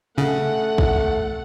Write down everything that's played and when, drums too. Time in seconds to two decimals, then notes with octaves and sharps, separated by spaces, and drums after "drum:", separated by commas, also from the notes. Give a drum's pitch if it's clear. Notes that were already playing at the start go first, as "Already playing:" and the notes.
0.18 C#3 A3 F#5
0.78 drum: kick A#1